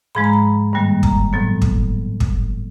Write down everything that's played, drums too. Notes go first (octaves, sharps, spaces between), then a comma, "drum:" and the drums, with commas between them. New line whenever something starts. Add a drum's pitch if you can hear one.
G#2 F3 G#3 B5
A#5
B5
G2 D#3 G3 A#3
A#5, drum: kick
A2 F#3 B3
drum: kick
drum: kick